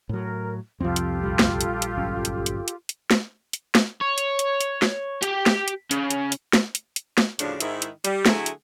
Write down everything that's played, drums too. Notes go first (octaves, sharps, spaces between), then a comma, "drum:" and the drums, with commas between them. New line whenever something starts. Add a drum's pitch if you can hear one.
A2 F#3 A#4
C2 F2 F3 C4 F4 G4 A4
drum: hi-hat
A#1 G3
drum: snare
drum: hi-hat
drum: hi-hat
G1 F#3 C#4
drum: hi-hat
drum: hi-hat
drum: hi-hat
drum: hi-hat
drum: snare
drum: hi-hat
drum: snare
C#5
drum: hi-hat
drum: hi-hat
drum: hi-hat
drum: snare
G4 G5, drum: hi-hat
drum: snare
drum: hi-hat
C#3, drum: hi-hat
drum: hi-hat
drum: hi-hat
drum: snare
drum: hi-hat
drum: hi-hat
drum: snare
D2 A2 C#3 F3 D4, drum: hi-hat
G#2 D#3 E4, drum: hi-hat
drum: hi-hat
G3, drum: hi-hat
D3 F#3 A3 E4 G#4 F#5, drum: snare
drum: hi-hat